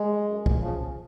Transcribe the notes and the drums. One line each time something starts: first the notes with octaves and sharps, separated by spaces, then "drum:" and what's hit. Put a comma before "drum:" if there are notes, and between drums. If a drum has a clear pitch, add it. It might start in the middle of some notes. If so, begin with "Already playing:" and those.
Already playing: G#3
F#2
drum: kick
C#3 F3